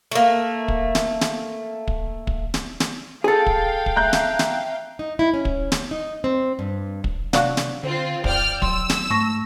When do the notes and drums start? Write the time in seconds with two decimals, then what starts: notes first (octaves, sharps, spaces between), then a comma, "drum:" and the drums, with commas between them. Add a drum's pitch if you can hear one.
0.12 A3 A#3
0.68 drum: kick
0.95 drum: snare
1.21 drum: snare
1.88 drum: kick
2.27 drum: kick
2.54 drum: snare
2.80 drum: snare
3.24 G#4 A4 F5 G5
3.46 drum: kick
3.86 drum: kick
3.96 E5 A#5 F#6 G6
4.13 drum: snare
4.39 drum: snare
4.99 D#4
5.19 E4
5.34 C#4
5.45 drum: kick
5.72 drum: snare
5.91 D#4
6.24 C4
6.59 G2
7.04 drum: kick
7.33 C3 F#3 D4 F#4 F5 F#6, drum: snare
7.57 drum: snare
7.84 D3 C4 F4
8.24 F2 F3 D5 G5 F6, drum: kick
8.62 F#3 C6 E6, drum: kick
8.89 drum: snare
9.10 G#2 A3 C#6 A#6